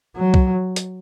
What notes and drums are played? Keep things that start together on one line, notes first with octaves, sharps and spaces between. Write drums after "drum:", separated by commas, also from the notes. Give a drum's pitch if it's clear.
F#3
drum: kick C2
drum: hi-hat